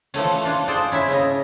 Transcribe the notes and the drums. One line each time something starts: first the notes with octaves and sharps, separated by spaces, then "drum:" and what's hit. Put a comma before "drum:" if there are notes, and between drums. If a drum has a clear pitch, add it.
E3 F3 A3 C#4, drum: open hi-hat
D4 F4
G#4 A4 C5 D5 G5
C#4 E4 E5
C#3 C#4 D#5